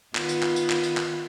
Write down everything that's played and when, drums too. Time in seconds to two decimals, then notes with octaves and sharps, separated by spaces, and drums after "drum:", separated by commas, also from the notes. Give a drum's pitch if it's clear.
0.15 D#3 B3 F4, drum: clap
0.29 drum: tambourine
0.43 drum: clap
0.56 drum: tambourine
0.70 drum: clap
0.84 drum: tambourine
0.97 drum: clap